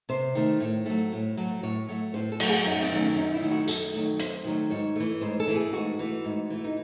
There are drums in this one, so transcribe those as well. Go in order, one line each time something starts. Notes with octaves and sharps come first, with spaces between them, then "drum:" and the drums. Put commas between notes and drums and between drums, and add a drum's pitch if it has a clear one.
C3 C5
D#3 A3
A2
F#3 A3
A2
F#3 A3
A2 C#5
F#3 A3
A2 C5
A4
F#3 A3, drum: cymbal
G#4
F#2 D#4
C4
D#3 F#3 A3
C#4
F#2 D#4
E4
D#3 F#3 A3
F#4
F#2 A4, drum: tambourine
D#3 F#3 A3
F#2 C5, drum: hi-hat
D#3 F#3 A3
G#2 C#5
E3 A3
G#2 C5
A4
E3 A3
G#4
G#2 F#4
E3 A3
G#2
E3 A3
D#4